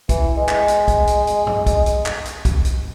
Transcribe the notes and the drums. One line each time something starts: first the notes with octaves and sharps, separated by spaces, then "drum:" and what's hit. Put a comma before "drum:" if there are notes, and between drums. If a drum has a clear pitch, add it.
E3, drum: kick, hi-hat
G#3
drum: clap
drum: hi-hat
drum: kick, hi-hat
drum: hi-hat
drum: hi-hat
drum: tom F#2
drum: kick, hi-hat
drum: hi-hat
drum: clap
drum: hi-hat
drum: kick, hi-hat
drum: hi-hat